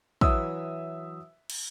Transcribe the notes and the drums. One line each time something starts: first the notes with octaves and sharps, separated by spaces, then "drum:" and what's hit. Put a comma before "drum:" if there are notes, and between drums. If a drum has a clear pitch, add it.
E3 F#3 E5 D#6 E6, drum: kick
drum: cymbal